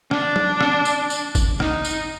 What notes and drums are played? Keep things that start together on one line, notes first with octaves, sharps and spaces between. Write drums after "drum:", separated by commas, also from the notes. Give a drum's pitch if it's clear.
D4, drum: rim click
drum: tom F#3
drum: rim click
drum: tambourine
drum: tambourine
drum: kick, tambourine
D#4, drum: rim click
drum: tambourine